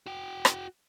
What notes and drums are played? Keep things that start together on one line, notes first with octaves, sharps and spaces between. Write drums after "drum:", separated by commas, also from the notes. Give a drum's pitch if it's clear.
F#4 G5
drum: rim click